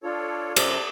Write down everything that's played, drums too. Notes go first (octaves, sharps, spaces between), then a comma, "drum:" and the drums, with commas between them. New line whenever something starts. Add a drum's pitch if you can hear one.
D4 F4 A4 C#5
F#2 C3 A4 D5 E6, drum: cymbal